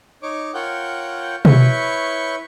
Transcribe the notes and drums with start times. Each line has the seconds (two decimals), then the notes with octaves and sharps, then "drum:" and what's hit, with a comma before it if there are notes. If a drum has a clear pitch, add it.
0.23 D#4 C#5 D6
0.54 F4 A#4 C#5 F#5 G5 G6
1.45 E4 B4 C#5 C#6 G6, drum: tom B2